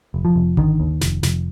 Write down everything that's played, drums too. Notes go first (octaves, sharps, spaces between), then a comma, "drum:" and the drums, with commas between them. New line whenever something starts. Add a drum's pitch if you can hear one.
F1
F3
F1
D3 D#3, drum: kick G#1
D#2
F1, drum: snare
F1, drum: snare